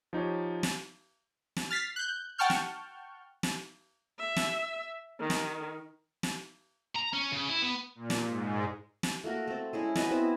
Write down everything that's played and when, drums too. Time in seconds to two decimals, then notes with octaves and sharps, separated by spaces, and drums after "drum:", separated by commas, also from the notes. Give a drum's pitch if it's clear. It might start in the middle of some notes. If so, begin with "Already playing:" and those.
0.13 F3 D#4 G4 C#5
0.63 drum: snare
1.56 drum: snare
1.70 F6 A6 B6 C7
1.96 F#6 G6
2.38 F#5 G5 A5 C#6 F6 G6
2.50 drum: snare
3.43 drum: snare
4.19 E5
4.36 drum: snare
5.20 D#3
5.30 drum: snare
6.23 drum: snare
6.95 A#5
7.13 C#4
7.32 C#3
7.49 E4
7.62 B3
7.95 A#2
8.10 drum: snare
8.26 G#2
9.03 drum: snare
9.24 A3 A#3 F#4 A#4
9.48 A3 C4
9.73 G#3 C#4 E4
9.95 F#4 B4 D#5 G#5, drum: snare
10.11 B3 C4 E4 E5